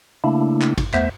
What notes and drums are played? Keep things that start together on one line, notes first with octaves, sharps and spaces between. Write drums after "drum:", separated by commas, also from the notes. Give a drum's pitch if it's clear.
C#3 A3 A#3 D4 E4
drum: clap
drum: kick G#1, cymbal
E2 A3 B3 C5 E5, drum: clap